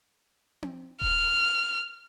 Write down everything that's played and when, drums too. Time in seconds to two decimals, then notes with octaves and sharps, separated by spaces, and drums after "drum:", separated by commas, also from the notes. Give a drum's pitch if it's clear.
0.63 drum: tom C4
1.01 F6, drum: kick D#1